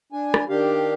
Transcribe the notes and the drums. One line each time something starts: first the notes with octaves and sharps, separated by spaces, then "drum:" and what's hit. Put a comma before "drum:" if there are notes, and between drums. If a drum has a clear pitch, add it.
D4 G#5
drum: rim click
D#3 D4 G4 F5